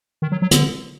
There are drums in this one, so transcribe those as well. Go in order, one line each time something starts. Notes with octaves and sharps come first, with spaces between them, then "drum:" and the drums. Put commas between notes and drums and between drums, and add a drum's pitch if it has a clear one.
D#3
F#3
F#3
D3, drum: hi-hat